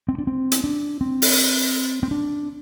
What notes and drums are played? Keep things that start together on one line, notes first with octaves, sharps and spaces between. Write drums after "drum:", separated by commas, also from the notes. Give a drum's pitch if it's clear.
C4
D4
C4
drum: hi-hat
D4
C4
drum: open hi-hat
C4
D4